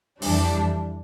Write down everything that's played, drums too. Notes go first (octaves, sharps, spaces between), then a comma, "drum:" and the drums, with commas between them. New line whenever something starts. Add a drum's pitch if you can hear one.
F2 E3 G3 D4, drum: open hi-hat